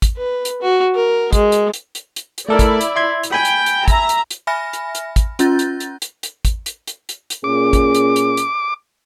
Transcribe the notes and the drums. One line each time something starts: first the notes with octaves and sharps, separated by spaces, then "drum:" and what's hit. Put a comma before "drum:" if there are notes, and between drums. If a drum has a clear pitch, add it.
drum: kick, hi-hat
B4
drum: hi-hat
F#4
A#4
G#3, drum: kick, hi-hat
drum: hi-hat
drum: hi-hat
drum: hi-hat
drum: hi-hat
drum: hi-hat
A3 E4 A4 A#4 D5
drum: kick, hi-hat
drum: hi-hat
E5 C6 G#6
drum: hi-hat
G5 G#5 B5
drum: hi-hat
drum: hi-hat
E5 A#5, drum: kick, hi-hat
drum: hi-hat
drum: hi-hat
E5 G#5 B5 F6 A#6
drum: hi-hat
drum: hi-hat
drum: kick, hi-hat
C#4 F4 G6 A6, drum: hi-hat
drum: hi-hat
drum: hi-hat
drum: hi-hat
drum: hi-hat
drum: kick, hi-hat
drum: hi-hat
drum: hi-hat
drum: hi-hat
drum: hi-hat
A#2 C#4 G#4 D6
drum: kick, hi-hat
drum: hi-hat
drum: hi-hat
drum: hi-hat